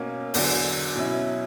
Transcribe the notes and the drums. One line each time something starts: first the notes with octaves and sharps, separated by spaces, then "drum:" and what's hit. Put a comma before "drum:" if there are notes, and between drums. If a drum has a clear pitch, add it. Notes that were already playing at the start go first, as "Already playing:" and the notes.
Already playing: B2 A#3 C#4
E2 D3 F#3, drum: open hi-hat
B2 F#3 C#4 E4